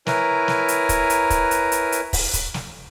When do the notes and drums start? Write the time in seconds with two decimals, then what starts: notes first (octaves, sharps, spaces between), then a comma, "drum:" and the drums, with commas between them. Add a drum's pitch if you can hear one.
0.06 E4 A#4 B4 C#5 G#5 A#5, drum: snare
0.48 drum: snare
0.68 drum: hi-hat
0.89 drum: kick, hi-hat
1.10 drum: hi-hat
1.30 drum: kick, hi-hat
1.51 drum: hi-hat
1.72 drum: hi-hat
1.92 drum: hi-hat
2.13 drum: kick, open hi-hat
2.34 drum: kick, hi-hat
2.54 drum: snare